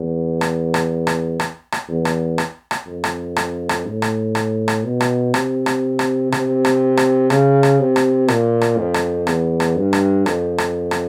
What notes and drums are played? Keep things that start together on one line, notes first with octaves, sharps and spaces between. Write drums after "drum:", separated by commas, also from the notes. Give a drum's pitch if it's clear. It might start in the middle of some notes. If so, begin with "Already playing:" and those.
Already playing: E2
drum: rim click
drum: rim click
drum: rim click
drum: rim click
drum: rim click
E2
drum: rim click
drum: rim click
drum: rim click
F2
drum: rim click
drum: rim click
drum: rim click
A2
drum: rim click
drum: rim click
drum: rim click
B2
drum: rim click
C3, drum: rim click
drum: rim click
drum: rim click
C3, drum: rim click
drum: rim click
drum: rim click
C#3, drum: rim click
drum: rim click
C3
drum: rim click
A#2, drum: rim click
drum: rim click
F2
drum: rim click
E2, drum: rim click
drum: rim click
G2
drum: rim click
F2, drum: rim click
drum: rim click
drum: rim click